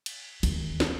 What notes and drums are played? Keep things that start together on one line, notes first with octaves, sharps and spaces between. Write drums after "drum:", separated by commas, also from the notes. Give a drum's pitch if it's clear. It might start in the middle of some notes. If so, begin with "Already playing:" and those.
drum: cymbal
D#2, drum: cymbal
drum: snare